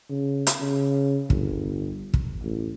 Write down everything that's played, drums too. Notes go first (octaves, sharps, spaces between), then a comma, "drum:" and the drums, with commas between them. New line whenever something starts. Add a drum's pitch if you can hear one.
C#3
drum: hi-hat
C#3
G1, drum: kick
drum: kick
A1